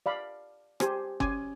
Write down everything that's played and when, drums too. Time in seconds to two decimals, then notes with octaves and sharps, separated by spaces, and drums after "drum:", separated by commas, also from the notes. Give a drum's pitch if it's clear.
0.06 D5 F5 B5
0.80 G4 G#4 C5 G#5, drum: rim click
1.20 C#4 G#5 C6 D6, drum: kick F#1